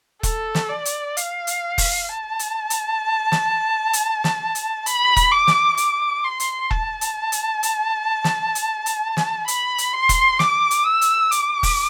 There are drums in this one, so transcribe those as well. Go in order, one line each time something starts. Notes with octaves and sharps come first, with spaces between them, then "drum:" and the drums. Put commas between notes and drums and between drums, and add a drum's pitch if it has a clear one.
A4, drum: kick E1, hi-hat
drum: snare
D5
drum: hi-hat
F5, drum: hi-hat
drum: hi-hat
drum: kick E1, open hi-hat
A5
drum: hi-hat
drum: hi-hat
drum: snare
drum: hi-hat
drum: snare
drum: hi-hat
B5, drum: hi-hat
drum: kick E1, hi-hat
D6
drum: snare
D6, drum: hi-hat
C6
drum: hi-hat
A5, drum: kick E1
drum: hi-hat
drum: hi-hat
drum: hi-hat
drum: snare
drum: hi-hat
drum: hi-hat
drum: snare
B5, drum: hi-hat
drum: hi-hat
C6
drum: kick E1, hi-hat
D6, drum: snare
drum: hi-hat
E6
drum: hi-hat
D6, drum: hi-hat
drum: kick E1, open hi-hat